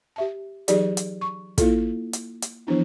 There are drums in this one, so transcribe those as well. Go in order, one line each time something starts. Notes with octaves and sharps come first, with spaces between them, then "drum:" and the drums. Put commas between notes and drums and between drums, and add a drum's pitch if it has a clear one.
G4 E5 A5
E3 F#3 D#4 G4 G#4 D5, drum: hi-hat
drum: hi-hat
C#6
A#3 E4 F4 A4, drum: kick, hi-hat
drum: hi-hat
drum: hi-hat
E3 F3 B3 D4 E4